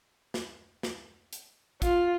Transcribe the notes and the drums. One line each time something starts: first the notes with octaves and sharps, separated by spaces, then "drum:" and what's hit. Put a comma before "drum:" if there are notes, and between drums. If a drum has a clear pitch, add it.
drum: snare
drum: snare
drum: hi-hat
F4, drum: kick, hi-hat